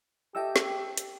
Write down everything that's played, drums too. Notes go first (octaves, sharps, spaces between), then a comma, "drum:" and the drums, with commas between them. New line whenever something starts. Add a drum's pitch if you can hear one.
G4 A4 D#5 E5 G5 E6
drum: snare
drum: hi-hat